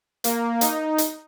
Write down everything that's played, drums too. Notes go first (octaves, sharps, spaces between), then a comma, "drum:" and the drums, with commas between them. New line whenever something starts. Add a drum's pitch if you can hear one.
A#3, drum: hi-hat
D#4, drum: hi-hat
drum: hi-hat